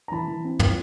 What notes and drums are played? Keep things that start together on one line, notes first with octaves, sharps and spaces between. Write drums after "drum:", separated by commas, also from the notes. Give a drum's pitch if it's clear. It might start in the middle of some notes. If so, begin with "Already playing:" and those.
A#5
E3 A5 B5
E3
C4
A#2, drum: tom